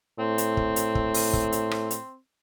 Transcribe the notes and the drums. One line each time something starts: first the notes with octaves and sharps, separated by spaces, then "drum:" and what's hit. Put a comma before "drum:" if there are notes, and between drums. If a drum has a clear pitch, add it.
A2 C4
drum: hi-hat
drum: kick
drum: hi-hat
drum: kick
drum: open hi-hat
drum: kick
drum: hi-hat
drum: rim click
drum: hi-hat